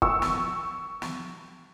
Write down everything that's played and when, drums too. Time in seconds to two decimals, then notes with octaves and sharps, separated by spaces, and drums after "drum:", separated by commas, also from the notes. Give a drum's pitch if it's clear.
0.02 C#6 E6, drum: kick
0.22 drum: snare
1.02 drum: snare